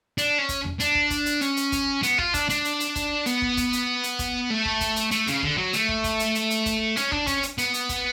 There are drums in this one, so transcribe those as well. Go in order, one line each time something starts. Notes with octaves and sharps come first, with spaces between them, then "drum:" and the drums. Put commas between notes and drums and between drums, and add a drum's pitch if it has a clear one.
D4, drum: hi-hat
C#4
drum: kick, hi-hat
drum: tom E2
D4, drum: hi-hat
drum: kick
drum: kick, hi-hat
drum: hi-hat
C#4, drum: hi-hat
drum: hi-hat
drum: kick, hi-hat
B3, drum: hi-hat
F4, drum: kick
D4, drum: kick, hi-hat
D4, drum: hi-hat
drum: hi-hat
drum: hi-hat
drum: kick, hi-hat
B3, drum: hi-hat
drum: kick
drum: kick, hi-hat
drum: hi-hat
drum: hi-hat
drum: kick, hi-hat
A3
drum: kick
drum: kick, hi-hat
drum: hi-hat
A3, drum: hi-hat
C#3, drum: hi-hat
D3, drum: kick
F#3
A3, drum: hi-hat
drum: kick
drum: kick, hi-hat
drum: hi-hat
drum: hi-hat
drum: hi-hat
drum: kick, hi-hat
C#4, drum: hi-hat
D4, drum: kick
C#4, drum: kick, hi-hat
drum: hi-hat
B3, drum: hi-hat
drum: hi-hat
drum: kick, hi-hat